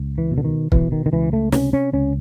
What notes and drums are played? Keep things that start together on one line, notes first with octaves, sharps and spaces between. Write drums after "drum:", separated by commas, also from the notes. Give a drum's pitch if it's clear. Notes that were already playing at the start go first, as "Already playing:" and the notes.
Already playing: C#2
E3
B2
D3
D#3
B2 E3, drum: kick
D#3
D#3
C#2 E3
A3
C3 C#4, drum: snare
C#4
C#2 C#4